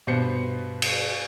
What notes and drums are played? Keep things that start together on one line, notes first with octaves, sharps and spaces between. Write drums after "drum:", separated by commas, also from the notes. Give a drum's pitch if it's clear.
G2 B2 B3 C5 C7 C#7
drum: cymbal